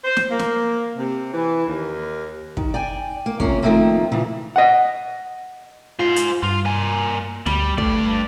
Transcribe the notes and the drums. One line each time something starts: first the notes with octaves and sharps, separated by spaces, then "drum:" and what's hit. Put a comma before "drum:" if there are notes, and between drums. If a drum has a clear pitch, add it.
C5
drum: snare
A#3
drum: snare
C3
E3
D#2
D#3, drum: kick
D5 G5 G#5
A#3
C3 F3 A#3 C#4, drum: kick
D#3 F3 F#3 A3 A#3 C4
A#2 C#3 E3
D#5 F#5
G#2 F4 C5
drum: hi-hat
G2 F4
A#3 G#5
D2 G3, drum: snare
G2 A3 D5, drum: kick